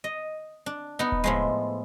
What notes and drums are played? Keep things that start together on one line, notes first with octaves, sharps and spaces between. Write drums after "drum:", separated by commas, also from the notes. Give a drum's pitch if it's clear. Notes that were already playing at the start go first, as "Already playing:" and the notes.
D#5
D4
B3 D#4
drum: kick D#1
A2 F3 G#3